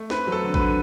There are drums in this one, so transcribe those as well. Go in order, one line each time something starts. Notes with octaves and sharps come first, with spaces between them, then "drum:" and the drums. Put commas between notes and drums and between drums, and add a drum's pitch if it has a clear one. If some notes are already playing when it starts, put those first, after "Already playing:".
Already playing: A3
C4 B4, drum: snare
F#3 A4
D3
B4, drum: kick A1
D3